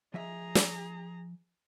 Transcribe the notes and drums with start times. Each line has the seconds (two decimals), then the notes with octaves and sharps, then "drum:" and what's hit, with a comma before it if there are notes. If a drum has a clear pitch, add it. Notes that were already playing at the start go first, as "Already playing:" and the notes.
0.14 F3 G#4 D#5 E5 A#5
0.55 drum: snare